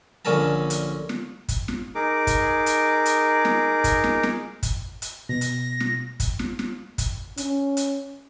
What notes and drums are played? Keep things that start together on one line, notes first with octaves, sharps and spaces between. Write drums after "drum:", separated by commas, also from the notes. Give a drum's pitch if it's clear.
A#1 D3 C#4 A4 A#4 A5
drum: hi-hat
drum: snare
drum: kick, hi-hat
drum: snare
D#4 G#4 A#4 D6
drum: kick, hi-hat
drum: hi-hat
drum: hi-hat
drum: snare
drum: kick, hi-hat
drum: snare
drum: snare
drum: kick, hi-hat
drum: hi-hat
B2 A#6
drum: hi-hat
drum: snare
drum: kick, hi-hat
drum: snare
drum: snare
drum: kick, hi-hat
C#4, drum: hi-hat
drum: hi-hat